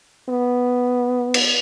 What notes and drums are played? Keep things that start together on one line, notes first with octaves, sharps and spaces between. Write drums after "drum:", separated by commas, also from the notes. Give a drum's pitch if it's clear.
B3
drum: cymbal